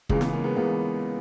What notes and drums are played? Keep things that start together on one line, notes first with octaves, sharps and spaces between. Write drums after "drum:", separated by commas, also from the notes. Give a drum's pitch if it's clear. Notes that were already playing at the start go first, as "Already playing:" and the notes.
C#2 C#3 E3 G#3, drum: kick
G#3 B3, drum: snare
A#3 C#4
G#3 B3
C#2 C#3 E3 G#3 B3